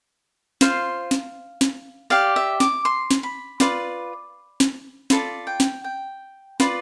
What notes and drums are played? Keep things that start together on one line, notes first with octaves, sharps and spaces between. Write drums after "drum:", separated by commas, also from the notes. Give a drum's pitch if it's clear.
F4 C5 F5, drum: snare
drum: snare
drum: snare
G4 D5 F5
E5
D6, drum: snare
C6
drum: snare
B5
F4 B4 D5, drum: snare
drum: snare
F4 A4 D5 B5, drum: snare
G5
drum: snare
G5
F4 B4 D5, drum: snare